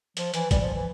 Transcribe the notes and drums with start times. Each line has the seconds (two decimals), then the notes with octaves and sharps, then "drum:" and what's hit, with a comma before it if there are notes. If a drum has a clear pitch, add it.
0.17 F3, drum: hi-hat
0.34 E3, drum: hi-hat
0.51 G3, drum: kick, hi-hat
0.61 F3
0.74 E3